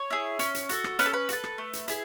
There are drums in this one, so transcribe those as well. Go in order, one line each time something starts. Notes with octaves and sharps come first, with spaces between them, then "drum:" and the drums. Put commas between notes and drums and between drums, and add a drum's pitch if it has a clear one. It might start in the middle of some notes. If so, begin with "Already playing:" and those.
Already playing: C#5
E4 G#4
C#4, drum: hi-hat
drum: hi-hat
F#4 A4, drum: hi-hat
drum: rim click
C#4 B4, drum: hi-hat
A4
B4
F#4, drum: hi-hat
A4
drum: rim click
A3
drum: hi-hat
E4 G#4, drum: hi-hat